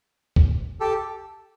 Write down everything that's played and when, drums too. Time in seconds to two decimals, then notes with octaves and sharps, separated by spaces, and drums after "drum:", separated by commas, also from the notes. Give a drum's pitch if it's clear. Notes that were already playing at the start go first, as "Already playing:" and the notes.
0.36 drum: kick
0.80 G4 A4